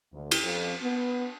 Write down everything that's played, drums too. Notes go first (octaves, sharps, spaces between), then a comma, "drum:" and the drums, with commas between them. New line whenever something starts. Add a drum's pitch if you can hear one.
D2
drum: cymbal
F2
B3